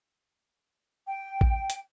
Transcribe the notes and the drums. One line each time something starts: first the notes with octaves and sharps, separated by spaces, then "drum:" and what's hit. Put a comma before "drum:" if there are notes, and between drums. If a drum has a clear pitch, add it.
G5
drum: kick A1
drum: hi-hat